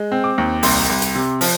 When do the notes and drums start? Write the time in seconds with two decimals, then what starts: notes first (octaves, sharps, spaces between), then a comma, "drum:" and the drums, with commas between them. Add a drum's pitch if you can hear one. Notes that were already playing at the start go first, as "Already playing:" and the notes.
Already playing: G#3
0.12 C4
0.24 D6
0.38 D#2
0.63 C2 C6, drum: open hi-hat
0.90 C2
1.02 drum: hi-hat
1.15 C3
1.41 F3, drum: open hi-hat